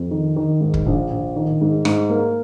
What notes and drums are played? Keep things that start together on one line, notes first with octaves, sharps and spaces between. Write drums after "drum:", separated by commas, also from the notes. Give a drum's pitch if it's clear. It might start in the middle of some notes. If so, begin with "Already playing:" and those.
Already playing: F2
D#3
D#3
G#2
drum: kick
A#1
A#1
D#3
G#2
G#2, drum: rim click
A#3